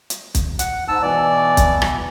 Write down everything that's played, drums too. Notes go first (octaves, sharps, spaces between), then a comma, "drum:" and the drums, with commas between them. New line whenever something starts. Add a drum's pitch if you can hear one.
drum: hi-hat
drum: kick, hi-hat
F#5, drum: hi-hat
G#2 A5 E6
B2 E3 D5
drum: kick, hi-hat
drum: rim click